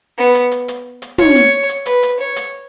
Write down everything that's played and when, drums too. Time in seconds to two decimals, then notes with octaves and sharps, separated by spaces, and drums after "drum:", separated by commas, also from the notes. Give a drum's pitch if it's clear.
0.18 B3
0.35 drum: hi-hat
0.51 drum: hi-hat
0.68 drum: hi-hat
1.02 drum: hi-hat
1.18 C#5, drum: tom
1.35 drum: hi-hat
1.69 drum: hi-hat
1.86 B4, drum: hi-hat
2.03 drum: hi-hat
2.19 C#5
2.36 drum: hi-hat